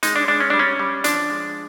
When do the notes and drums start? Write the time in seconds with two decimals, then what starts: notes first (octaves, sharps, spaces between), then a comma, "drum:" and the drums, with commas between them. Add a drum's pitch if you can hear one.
0.03 G#3 D#4, drum: hi-hat
0.16 D4
0.28 G#3 D4
0.40 C#4
0.50 G3 D4
0.59 C#4
0.79 G3
1.04 F3 D4, drum: hi-hat
1.30 G#3